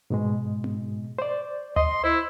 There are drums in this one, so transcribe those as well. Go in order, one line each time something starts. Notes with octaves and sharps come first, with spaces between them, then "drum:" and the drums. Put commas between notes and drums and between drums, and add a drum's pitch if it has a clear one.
G#2 B2 G#3
drum: tom B3
C5 D5
D#5 C6, drum: tom D2
E4 C5